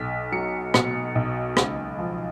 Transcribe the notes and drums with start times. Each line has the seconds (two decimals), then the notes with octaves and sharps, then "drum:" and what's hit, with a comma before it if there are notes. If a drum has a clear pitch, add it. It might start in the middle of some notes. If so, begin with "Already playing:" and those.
Already playing: B1 B6
0.32 F#3 C#7
0.74 B2 C#7, drum: rim click
1.15 B1
1.57 C#2, drum: rim click
1.99 F3